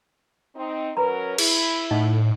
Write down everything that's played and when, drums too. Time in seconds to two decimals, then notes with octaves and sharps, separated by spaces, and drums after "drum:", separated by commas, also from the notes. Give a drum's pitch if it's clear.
0.56 C4 D#4
0.97 F#3 C#4 A#4 B4 A#5 B5
1.38 E4 G#4, drum: cymbal
1.91 A2 D#4 D#5 F#5